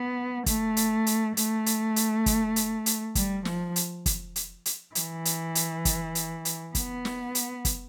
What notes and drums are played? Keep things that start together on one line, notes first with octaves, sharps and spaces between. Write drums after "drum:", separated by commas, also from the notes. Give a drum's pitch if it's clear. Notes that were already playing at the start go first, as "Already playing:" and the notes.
Already playing: B3
A3, drum: kick, hi-hat
drum: hi-hat
drum: hi-hat
A3, drum: hi-hat
drum: hi-hat
drum: hi-hat
drum: kick, hi-hat
drum: hi-hat
drum: hi-hat
G3, drum: kick, hi-hat
F3, drum: snare
drum: hi-hat
drum: kick, hi-hat
drum: hi-hat
drum: hi-hat
E3, drum: hi-hat
drum: hi-hat
drum: hi-hat
drum: kick, hi-hat
drum: hi-hat
drum: hi-hat
B3, drum: kick, hi-hat
drum: snare
drum: hi-hat
drum: kick, hi-hat